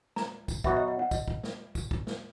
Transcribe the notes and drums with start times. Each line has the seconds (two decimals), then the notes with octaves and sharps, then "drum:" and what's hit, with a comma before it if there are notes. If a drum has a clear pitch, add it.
0.16 A#5, drum: snare
0.48 drum: kick, tambourine
0.64 B2 F#3 B3 F#4 E5, drum: kick
0.77 D#5
0.88 D#5
0.99 F#5
1.11 D#5, drum: kick, tambourine
1.28 drum: kick
1.43 drum: snare
1.75 drum: kick, tambourine
1.91 drum: kick
2.07 drum: snare